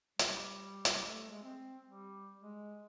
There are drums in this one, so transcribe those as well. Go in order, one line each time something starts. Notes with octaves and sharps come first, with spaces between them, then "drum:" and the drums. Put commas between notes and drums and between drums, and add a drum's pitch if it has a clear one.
G3, drum: hi-hat
drum: hi-hat
A3
G#3
C4
G3
G#3